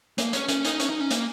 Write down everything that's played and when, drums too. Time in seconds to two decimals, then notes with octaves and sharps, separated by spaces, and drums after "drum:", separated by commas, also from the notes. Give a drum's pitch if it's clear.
0.18 A#3, drum: hi-hat
0.33 C#4, drum: hi-hat
0.49 C#4, drum: hi-hat
0.65 D#4, drum: hi-hat
0.80 C#4, drum: hi-hat
0.90 D#4
1.01 C#4
1.11 A#3, drum: hi-hat